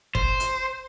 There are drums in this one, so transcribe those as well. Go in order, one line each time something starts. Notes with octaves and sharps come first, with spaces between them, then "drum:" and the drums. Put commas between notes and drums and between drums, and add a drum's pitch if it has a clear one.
C5, drum: kick F#1
drum: hi-hat